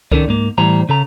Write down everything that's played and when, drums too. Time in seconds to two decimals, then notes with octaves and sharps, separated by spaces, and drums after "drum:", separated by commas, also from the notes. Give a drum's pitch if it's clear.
0.12 D#3 C#4 F4 A4 A#4 D5, drum: kick C#2
0.28 G#2 A#3
0.58 A2 E3 G3 C5 A#5
0.89 C#3 A4 A#5